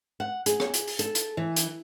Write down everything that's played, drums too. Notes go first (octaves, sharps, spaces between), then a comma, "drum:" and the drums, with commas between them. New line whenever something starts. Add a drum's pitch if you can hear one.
F#5
G#4, drum: hi-hat
drum: rim click
drum: hi-hat
drum: open hi-hat
A4, drum: hi-hat
drum: hi-hat
E3
drum: hi-hat